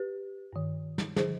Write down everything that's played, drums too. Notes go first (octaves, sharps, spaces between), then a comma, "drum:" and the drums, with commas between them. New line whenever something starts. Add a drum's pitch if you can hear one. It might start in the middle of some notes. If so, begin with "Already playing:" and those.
Already playing: G4 B4
G2 D#3
drum: snare
D3 F3 G#4 C5, drum: snare